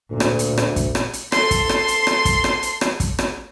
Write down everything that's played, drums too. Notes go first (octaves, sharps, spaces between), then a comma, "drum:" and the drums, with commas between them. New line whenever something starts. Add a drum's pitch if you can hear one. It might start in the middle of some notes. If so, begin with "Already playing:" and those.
D2 A#2
drum: rim click
drum: hi-hat
drum: rim click
drum: kick, hi-hat
drum: rim click
drum: hi-hat
A4 C6, drum: rim click
drum: kick, hi-hat
drum: rim click
drum: hi-hat
drum: rim click
drum: kick, hi-hat
drum: rim click
drum: hi-hat
drum: rim click
drum: kick, hi-hat
drum: rim click